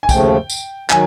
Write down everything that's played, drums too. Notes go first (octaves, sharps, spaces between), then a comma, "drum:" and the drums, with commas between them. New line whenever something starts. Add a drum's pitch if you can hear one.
G#5
D#2 C#3 F3 A3 G5, drum: kick, tambourine
drum: tambourine
D#3 F#3 G#5, drum: clap